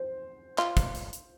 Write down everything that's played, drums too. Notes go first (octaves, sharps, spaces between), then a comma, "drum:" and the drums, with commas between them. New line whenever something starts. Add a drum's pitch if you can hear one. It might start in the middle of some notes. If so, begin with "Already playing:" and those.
Already playing: C5
F4, drum: clap
drum: kick, hi-hat
drum: hi-hat
drum: hi-hat